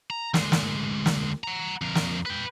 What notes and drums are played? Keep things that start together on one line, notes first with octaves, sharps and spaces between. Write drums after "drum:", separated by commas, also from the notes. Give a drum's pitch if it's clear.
A#5
D2 G#3, drum: snare
drum: snare
drum: snare
F#5 A#5
F2 A#4
drum: snare
B4 G5